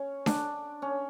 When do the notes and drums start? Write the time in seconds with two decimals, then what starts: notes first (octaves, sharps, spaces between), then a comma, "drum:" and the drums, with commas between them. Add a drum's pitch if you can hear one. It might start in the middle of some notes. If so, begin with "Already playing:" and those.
Already playing: C#4
0.26 D4, drum: snare D4
0.82 C#4